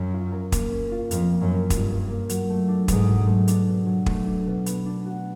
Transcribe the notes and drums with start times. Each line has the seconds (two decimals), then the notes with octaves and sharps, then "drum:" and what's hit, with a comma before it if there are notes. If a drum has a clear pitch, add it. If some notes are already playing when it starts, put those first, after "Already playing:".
Already playing: F#2 C#4
0.14 F4
0.32 A#4
0.52 A#3, drum: kick, hi-hat
0.72 C#4
0.92 F4
1.11 F2 A#4, drum: hi-hat
1.32 A#3
1.41 F#2
1.51 C#4
1.70 G2 F4, drum: kick, hi-hat
1.90 A#4
2.09 A#3
2.29 F#3, drum: hi-hat
2.50 A3
2.68 D4
2.88 G#2 B2, drum: kick, hi-hat
3.08 F#3
3.27 A3
3.48 D4, drum: hi-hat
3.67 B2
3.87 F#3
4.06 A3, drum: kick
4.27 D4
4.47 B2
4.66 B3, drum: hi-hat
4.86 D4
5.05 F#4